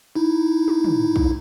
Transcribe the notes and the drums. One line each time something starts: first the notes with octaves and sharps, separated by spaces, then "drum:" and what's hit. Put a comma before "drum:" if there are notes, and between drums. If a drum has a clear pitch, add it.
D#4 E4
drum: tom
drum: tom
drum: kick